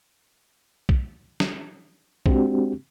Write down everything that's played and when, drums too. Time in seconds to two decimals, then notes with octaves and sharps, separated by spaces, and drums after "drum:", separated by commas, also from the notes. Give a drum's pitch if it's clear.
0.89 drum: kick B1
1.40 drum: snare
2.26 G#3 C4 D4 F#4 G4, drum: kick B1